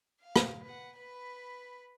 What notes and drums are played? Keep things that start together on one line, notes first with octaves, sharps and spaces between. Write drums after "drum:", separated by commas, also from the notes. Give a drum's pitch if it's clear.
F5
drum: rim click
B4 F#5
B4 B5